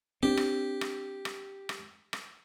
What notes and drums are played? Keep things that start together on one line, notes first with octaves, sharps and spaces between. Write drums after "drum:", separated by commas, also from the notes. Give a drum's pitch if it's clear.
C4 D4 G4
drum: rim click
drum: rim click
drum: rim click
drum: rim click
drum: rim click